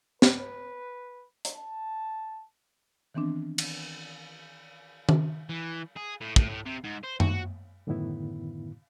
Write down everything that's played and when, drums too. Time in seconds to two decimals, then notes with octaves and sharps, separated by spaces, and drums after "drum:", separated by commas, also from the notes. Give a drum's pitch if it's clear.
0.22 B4, drum: snare
1.45 drum: hi-hat
1.57 A5
3.14 D#3 E3 B3 C4 D4
3.58 drum: cymbal
5.09 drum: tom D#3
5.49 E3
5.96 G#4
6.21 A2
6.36 A2, drum: kick
6.49 A2
6.66 C3
6.84 G#2
7.04 C5
7.20 F#4, drum: tom F#2
7.87 F#2 A2 D3 D#3 B3 E4